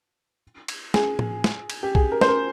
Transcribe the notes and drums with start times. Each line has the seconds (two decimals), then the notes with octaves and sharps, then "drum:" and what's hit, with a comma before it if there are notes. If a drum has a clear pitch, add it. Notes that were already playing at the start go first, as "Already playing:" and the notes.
0.68 drum: cymbal
0.94 G#4, drum: snare
1.19 drum: tom A2
1.44 drum: snare
1.70 drum: cymbal
1.83 G4
1.95 G#4, drum: kick B1
2.12 A#4
2.21 C5, drum: snare
2.28 A#4